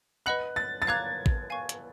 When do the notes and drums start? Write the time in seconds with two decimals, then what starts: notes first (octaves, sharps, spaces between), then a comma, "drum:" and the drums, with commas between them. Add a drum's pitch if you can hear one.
0.26 B4 D#5 F#5 B5 F#6
0.56 A6
0.82 A6
0.87 F5 A#5 D6 F#6 G#6
1.26 drum: kick A1
1.50 F5 G#5 C#6
1.69 drum: hi-hat